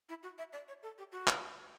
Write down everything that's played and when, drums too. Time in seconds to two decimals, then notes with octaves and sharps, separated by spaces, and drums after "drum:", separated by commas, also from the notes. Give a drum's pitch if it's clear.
0.09 E4
0.23 F#4
0.38 E5
0.53 D5
0.68 C#5
0.83 A4
0.98 G4
1.12 F#4
1.27 drum: clap